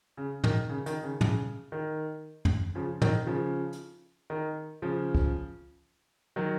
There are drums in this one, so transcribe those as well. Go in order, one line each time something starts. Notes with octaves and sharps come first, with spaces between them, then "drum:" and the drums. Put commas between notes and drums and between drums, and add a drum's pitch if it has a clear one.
C#3
D#3, drum: tom
C#3
D#3, drum: hi-hat
C#3
C#3, drum: tom
D#3
drum: tom
C#3 F3
D#3, drum: tom
C#3 F3
drum: hi-hat
D#3
C#3 F3
drum: kick
D#3 F#3